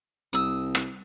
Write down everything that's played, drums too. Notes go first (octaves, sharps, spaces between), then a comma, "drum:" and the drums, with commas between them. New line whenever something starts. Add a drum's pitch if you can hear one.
C2 D#6 E6
drum: rim click